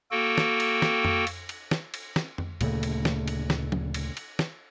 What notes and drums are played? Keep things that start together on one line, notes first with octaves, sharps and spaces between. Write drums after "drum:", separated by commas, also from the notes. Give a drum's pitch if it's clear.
A#3 F#4 A4 G5
drum: snare
drum: cymbal
drum: snare
drum: tom F2
drum: cymbal
drum: cymbal
drum: snare
drum: cymbal
drum: snare
drum: tom F2
D2 A#2 C#3 A3, drum: cymbal
drum: cymbal
drum: snare
drum: cymbal
drum: snare
drum: tom F3
drum: cymbal
drum: cymbal
drum: snare